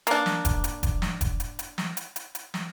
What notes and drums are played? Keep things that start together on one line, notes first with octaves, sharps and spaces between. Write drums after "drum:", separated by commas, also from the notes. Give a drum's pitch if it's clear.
A#3 D4, drum: hi-hat
drum: snare
drum: kick E1, hi-hat
drum: hi-hat
drum: kick E1, hi-hat
drum: snare
drum: kick E1, hi-hat
drum: hi-hat
drum: hi-hat
drum: snare
drum: hi-hat
drum: hi-hat
drum: hi-hat
drum: snare